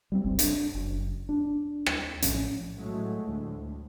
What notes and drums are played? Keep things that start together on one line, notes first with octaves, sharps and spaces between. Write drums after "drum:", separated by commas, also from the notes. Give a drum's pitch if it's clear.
G3 B3 C4
F#1 C2 G2
D4, drum: hi-hat
F#1
D4
drum: rim click
A#1 A2 F3 C#4, drum: hi-hat
A2 F#3 G#3 A3
D2 A2